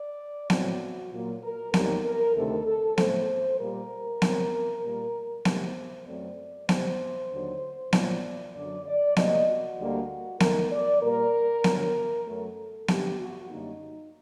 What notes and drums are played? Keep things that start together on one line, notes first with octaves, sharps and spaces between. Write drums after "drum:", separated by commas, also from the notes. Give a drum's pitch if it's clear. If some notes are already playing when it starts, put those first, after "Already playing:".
Already playing: D5
A2 F#3 C4 F#4, drum: snare B3
A#2 F#3 A#3
A#4
D#2 D#3 G3 C4 A#4, drum: snare B3
A#4
D2 C3 D#3 A3 A4
A4
A2 A3 C4 C5, drum: snare B3
A#2 G3 A#3 A#4
C3 F#3 C4, drum: snare B3
A#2 G3 A#3
C3 D#3 F#3 A3 C5, drum: snare B3
F#2 F#3 A3 C4 D5
C3 G3 C4 C5, drum: snare B3
D#2 D3 F#3
A#2 F#3 A#3 D5, drum: snare B3
F#2 D3 F#3 D5
D5
C3 F#3 A#3 D#5, drum: snare B3
F#4
D2 D3 G3 A#3
D#2 D#3 A3 A#4, drum: snare B3
D5
A#2 G3 A#3 A#4
G2 D3 F#3, drum: snare B3
F#2 F#3 A3 A4
G2 D3 A3 C4 G4, drum: snare B3
F#4
F#2 D3 G3 A#3 D#4